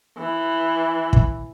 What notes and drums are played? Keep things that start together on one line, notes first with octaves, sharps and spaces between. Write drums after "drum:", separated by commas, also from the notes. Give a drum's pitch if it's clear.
E3
drum: kick